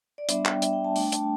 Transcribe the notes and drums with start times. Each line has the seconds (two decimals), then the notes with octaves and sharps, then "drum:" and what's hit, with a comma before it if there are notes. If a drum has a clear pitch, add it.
0.18 D5
0.29 G3 B3 D4 E5, drum: hi-hat
0.45 G5, drum: clap
0.62 E5, drum: hi-hat
0.73 G5
0.84 A5
0.96 A3 D4 G5, drum: open hi-hat
1.12 A5, drum: hi-hat